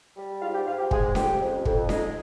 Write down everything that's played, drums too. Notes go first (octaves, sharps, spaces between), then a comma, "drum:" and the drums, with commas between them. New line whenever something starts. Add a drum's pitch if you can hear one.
G3
G#2 F4 F5
G4 G5
G#2 F4 F5
G4 G5
G#3 G#4 G#5, drum: kick
F2 G4 G5, drum: snare C#4
F2
F2, drum: kick
G#3 D#4 D#5, drum: snare C#4